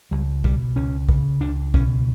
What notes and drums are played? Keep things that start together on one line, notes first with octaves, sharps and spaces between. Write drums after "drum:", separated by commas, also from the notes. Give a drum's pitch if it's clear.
C#2 G3
B2 G3, drum: kick B1
C#2 C#4
C#3, drum: kick B1
C#2 D4
B2 C#4, drum: kick B1